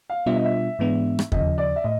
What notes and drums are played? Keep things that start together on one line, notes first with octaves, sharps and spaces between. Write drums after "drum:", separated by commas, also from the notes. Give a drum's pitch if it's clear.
F5
B2 G3 B3 D4 F4 E5
D#5
E5
G#2 E3 G#3 B3 D4
drum: rim click
D#2 C#3 F3 D#5, drum: kick E2
D5
E5
A2 D#5